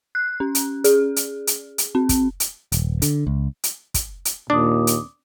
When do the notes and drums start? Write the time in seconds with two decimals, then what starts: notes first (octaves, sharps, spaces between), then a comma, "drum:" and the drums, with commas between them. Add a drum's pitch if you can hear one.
0.15 F#6
0.40 C#4
0.55 drum: hi-hat
0.84 G#4, drum: hi-hat
1.16 drum: hi-hat
1.47 drum: hi-hat
1.78 drum: hi-hat
1.95 C4
2.09 drum: kick, hi-hat
2.40 drum: hi-hat
2.72 D#1, drum: hi-hat
3.02 D3, drum: hi-hat
3.27 C#2
3.64 drum: hi-hat
3.94 drum: kick, hi-hat
4.25 drum: hi-hat
4.50 D#2 A#2 D4 D6 D#6
4.87 drum: hi-hat